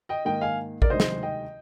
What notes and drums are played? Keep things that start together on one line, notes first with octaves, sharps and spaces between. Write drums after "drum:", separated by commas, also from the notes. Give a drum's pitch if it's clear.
D#5 G5
G#2 D#3 A#3 D#5 G5
F5 G#5
A#4 D5, drum: kick A1
D2 C3 D#3 G#3 C5 D#5
drum: snare
D#5 G5